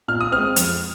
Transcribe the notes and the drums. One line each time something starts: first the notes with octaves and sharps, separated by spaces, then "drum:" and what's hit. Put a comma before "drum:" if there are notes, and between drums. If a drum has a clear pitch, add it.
A#2 F6
D#6
G#3 C4 F6
F2, drum: hi-hat